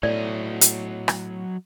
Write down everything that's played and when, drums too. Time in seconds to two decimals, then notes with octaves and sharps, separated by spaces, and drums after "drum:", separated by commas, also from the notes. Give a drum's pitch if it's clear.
0.03 A2 F#3 D5 D#5
0.61 drum: hi-hat
1.08 drum: rim click